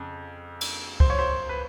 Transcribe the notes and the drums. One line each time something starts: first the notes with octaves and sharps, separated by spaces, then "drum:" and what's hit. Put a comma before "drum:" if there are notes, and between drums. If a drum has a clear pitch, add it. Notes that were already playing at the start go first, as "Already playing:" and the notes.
Already playing: F2 C#3
drum: cymbal
C5, drum: kick C#2
C#5
C5
B4